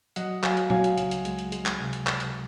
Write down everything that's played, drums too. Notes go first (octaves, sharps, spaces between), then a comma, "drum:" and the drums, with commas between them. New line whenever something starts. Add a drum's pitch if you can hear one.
F#3 D#5 F#5, drum: hi-hat
F#3 F5 G#5, drum: clap
drum: hi-hat
F#3 F5 G#5, drum: tom A#2
drum: hi-hat
C#2, drum: hi-hat
drum: hi-hat
G#3, drum: hi-hat
drum: hi-hat
G#3, drum: hi-hat
drum: clap
C3
drum: hi-hat
drum: clap
drum: hi-hat